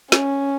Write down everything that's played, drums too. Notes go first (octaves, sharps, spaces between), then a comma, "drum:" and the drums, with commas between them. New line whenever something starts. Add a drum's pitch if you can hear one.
C#4, drum: snare